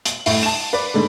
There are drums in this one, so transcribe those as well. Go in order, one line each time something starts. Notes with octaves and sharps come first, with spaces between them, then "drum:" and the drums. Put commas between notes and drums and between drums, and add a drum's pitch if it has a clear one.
F#7, drum: hi-hat
A2 E4, drum: open hi-hat
A5 E7
B4 D5
G#2 D3